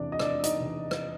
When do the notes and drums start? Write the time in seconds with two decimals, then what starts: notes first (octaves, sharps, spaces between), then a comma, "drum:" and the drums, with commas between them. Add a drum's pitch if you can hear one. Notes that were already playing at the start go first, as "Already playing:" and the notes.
Already playing: F1 E2 C3 D4 D5
0.12 D#5
0.19 F1 D4 D5, drum: rim click
0.44 D#4 D#5, drum: hi-hat
0.55 E2
0.60 C3
0.91 drum: rim click